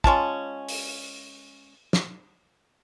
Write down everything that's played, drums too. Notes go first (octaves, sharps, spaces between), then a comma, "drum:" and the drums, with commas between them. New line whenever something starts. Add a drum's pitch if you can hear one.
G#3 C#4 F4 A5, drum: kick
drum: open hi-hat
drum: snare